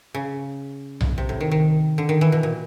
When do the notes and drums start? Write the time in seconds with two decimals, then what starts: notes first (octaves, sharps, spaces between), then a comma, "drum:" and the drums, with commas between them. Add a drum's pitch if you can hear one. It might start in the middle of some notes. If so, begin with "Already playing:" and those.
0.15 C#3
1.01 drum: tom B1
1.18 C3
1.29 A2
1.41 D#3
1.51 D#3
1.98 D3
2.09 D#3
2.21 E3
2.32 B2
2.43 A#2